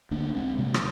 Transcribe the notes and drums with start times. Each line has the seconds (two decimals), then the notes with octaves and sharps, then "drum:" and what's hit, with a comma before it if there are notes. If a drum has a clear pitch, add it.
0.11 D2 A#3 D4
0.35 G#3 C4
0.58 C3 G3 A#3
0.74 drum: rim click